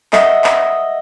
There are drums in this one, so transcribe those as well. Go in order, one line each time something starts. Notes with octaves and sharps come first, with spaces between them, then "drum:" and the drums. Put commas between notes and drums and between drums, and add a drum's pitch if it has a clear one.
D#5 E5 F#5, drum: clap
drum: clap